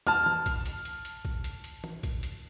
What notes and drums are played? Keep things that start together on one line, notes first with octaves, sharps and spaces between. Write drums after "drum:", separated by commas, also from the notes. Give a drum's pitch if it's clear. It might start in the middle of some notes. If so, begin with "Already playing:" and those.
A5 F6, drum: hi-hat
drum: tom
drum: kick A#1, hi-hat
drum: hi-hat
drum: hi-hat
drum: hi-hat
drum: kick A#1
drum: hi-hat
drum: hi-hat
drum: tom
drum: kick A#1, hi-hat
drum: hi-hat